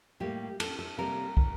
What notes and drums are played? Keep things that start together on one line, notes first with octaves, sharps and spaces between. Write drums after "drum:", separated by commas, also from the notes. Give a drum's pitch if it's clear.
A2 G3 A#3 G4
A4, drum: cymbal
A4
C3 G3 A#3 A#4
drum: kick